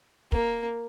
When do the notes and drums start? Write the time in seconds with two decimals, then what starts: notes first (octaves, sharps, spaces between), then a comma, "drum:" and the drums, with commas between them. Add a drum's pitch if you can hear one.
0.32 A#3, drum: kick